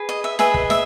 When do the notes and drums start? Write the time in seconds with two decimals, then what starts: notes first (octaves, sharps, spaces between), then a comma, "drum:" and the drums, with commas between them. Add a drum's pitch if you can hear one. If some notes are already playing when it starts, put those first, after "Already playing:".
Already playing: G#4 B4
0.09 D#5
0.24 E5
0.39 G#4 B4 D#5 E5, drum: snare
0.54 drum: kick
0.70 E5, drum: snare